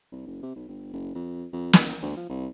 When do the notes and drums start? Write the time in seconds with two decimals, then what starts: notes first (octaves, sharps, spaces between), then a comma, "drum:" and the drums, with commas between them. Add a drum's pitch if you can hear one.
0.12 C2
0.27 F#1
0.42 C3
0.55 B1
0.68 G1
0.93 F#1
1.15 F2
1.53 F2
1.73 F#1, drum: snare
2.02 D2
2.17 F3
2.29 C2